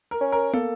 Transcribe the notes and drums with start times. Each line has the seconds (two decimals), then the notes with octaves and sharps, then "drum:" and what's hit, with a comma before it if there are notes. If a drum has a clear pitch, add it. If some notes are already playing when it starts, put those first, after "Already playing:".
0.11 A#4
0.21 C#4
0.32 A#4
0.53 A#3 A4, drum: tom